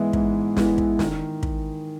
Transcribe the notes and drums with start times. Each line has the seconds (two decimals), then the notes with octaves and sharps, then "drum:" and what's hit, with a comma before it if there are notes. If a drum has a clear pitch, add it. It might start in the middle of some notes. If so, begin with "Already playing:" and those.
Already playing: G#2 E3 G#3 B3 E4
0.13 G#2, drum: kick
0.57 E3 G#3 B3 E4, drum: snare
0.78 drum: kick
0.99 D#3, drum: snare
1.43 drum: kick